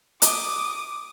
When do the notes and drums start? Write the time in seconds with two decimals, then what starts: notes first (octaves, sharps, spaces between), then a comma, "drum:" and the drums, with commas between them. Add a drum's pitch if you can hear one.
0.22 D6 D#6, drum: hi-hat